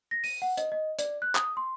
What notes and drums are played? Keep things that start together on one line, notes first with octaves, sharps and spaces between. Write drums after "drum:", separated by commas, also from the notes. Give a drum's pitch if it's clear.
A#6
D#7, drum: open hi-hat
F#5
D#5, drum: hi-hat
D#5
D5, drum: hi-hat
F#6
D#6, drum: clap
C6